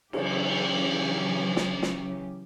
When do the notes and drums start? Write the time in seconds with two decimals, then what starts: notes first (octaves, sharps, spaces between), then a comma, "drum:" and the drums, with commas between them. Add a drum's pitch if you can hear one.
0.13 C#3 E3 F#3 C#4 G4, drum: cymbal
1.56 drum: snare
1.82 drum: snare